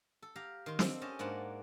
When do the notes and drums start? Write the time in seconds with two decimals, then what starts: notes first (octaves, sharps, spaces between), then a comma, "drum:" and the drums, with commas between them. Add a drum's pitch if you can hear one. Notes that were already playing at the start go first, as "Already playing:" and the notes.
0.22 A4
0.36 G4 F5 A#5
0.66 D#3 C6
0.79 C4 D4 A4, drum: snare
1.01 C#4 G4 D#5 A5
1.19 G#2 A#3 D4 F#5 A5